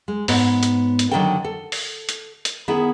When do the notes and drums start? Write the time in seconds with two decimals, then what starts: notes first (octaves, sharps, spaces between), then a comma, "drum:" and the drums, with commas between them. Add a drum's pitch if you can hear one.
0.08 G#3
0.28 G#2 B3 C#5 D#5, drum: open hi-hat
0.63 drum: hi-hat
0.99 drum: hi-hat
1.11 D3 D#3 F#3 A#3 A4 G5
1.44 A4
1.72 drum: open hi-hat
2.09 drum: hi-hat
2.45 drum: hi-hat
2.68 D#3 B3 E4 G#4